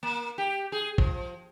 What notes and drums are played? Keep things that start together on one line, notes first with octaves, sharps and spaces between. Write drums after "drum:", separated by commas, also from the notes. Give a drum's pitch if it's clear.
A#3
G4
G#4
F3, drum: kick